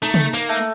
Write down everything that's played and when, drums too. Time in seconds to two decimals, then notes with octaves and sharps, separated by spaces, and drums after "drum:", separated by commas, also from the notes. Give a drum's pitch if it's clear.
0.02 A3 D#4
0.14 drum: tom
0.34 A#3
0.49 A3